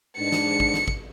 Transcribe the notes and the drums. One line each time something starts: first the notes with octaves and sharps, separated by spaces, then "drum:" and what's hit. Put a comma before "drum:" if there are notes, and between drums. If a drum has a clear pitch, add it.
G#2 G#3 D4 C#7
drum: snare
drum: kick
drum: snare
drum: kick